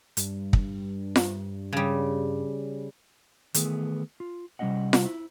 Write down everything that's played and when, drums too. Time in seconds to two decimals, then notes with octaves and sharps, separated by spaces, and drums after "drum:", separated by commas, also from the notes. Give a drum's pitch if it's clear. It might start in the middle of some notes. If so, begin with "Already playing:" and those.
0.17 G2, drum: hi-hat
0.53 drum: kick
1.16 drum: snare F4
1.73 C#3 G3
3.54 D#3 E3 A3 B3 G#4, drum: hi-hat
4.20 F4
4.59 C3 G3 B3 C#4 D#5 F#5
4.93 drum: snare F4
5.05 E4